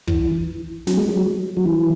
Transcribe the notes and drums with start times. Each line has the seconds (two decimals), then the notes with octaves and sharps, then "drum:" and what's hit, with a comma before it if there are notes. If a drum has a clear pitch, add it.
0.07 E3, drum: kick
0.87 F#3, drum: snare
0.97 G#3
1.09 F#3
1.57 F#3
1.66 E3